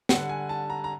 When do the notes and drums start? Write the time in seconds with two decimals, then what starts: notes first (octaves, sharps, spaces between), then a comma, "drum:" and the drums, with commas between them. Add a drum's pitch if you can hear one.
0.09 D3 G3 F#5, drum: snare
0.29 G#5
0.49 A5
0.70 A#5
0.84 A#5